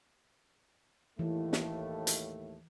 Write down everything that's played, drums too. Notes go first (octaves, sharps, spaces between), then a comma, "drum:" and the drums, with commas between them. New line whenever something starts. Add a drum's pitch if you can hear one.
D#2 A2 E3 A3
drum: snare
drum: hi-hat